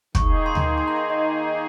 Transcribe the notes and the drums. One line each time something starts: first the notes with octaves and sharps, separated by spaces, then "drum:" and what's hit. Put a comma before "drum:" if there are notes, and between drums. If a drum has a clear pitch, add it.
D#3 A#3 D#4 G#4 C#6, drum: kick
C6
drum: tom D2
C6
A#5
C6
D#5